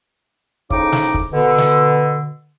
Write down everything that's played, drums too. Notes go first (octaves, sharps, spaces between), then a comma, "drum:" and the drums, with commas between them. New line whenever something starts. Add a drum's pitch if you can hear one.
F2 A2 C#3 D#4 D6, drum: kick
drum: snare
drum: kick
B2 D3
drum: snare